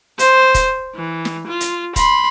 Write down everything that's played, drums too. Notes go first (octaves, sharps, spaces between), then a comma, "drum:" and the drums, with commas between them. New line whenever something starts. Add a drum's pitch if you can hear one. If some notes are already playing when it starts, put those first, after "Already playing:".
C5, drum: hi-hat
drum: kick D#1, hi-hat
E3
drum: snare
F4
drum: hi-hat
B5 C6, drum: kick D#1, hi-hat